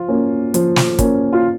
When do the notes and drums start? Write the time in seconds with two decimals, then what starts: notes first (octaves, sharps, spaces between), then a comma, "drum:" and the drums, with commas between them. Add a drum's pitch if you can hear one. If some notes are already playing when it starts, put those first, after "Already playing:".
Already playing: F3 F4
0.08 A#3 C#4
0.54 F3, drum: hi-hat
0.76 drum: snare
0.99 A#3 C#4, drum: kick, hi-hat
1.33 F4